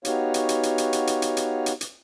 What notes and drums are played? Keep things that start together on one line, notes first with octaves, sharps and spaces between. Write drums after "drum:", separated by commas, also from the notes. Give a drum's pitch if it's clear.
B3 D#4 F#4 G4 C#5 F5, drum: hi-hat
drum: hi-hat
drum: hi-hat
drum: hi-hat
drum: hi-hat
drum: hi-hat
drum: hi-hat
drum: hi-hat
drum: hi-hat
drum: hi-hat
drum: hi-hat